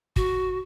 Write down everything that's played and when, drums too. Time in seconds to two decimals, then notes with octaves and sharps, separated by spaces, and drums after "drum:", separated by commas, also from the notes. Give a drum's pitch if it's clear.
0.16 F#4, drum: kick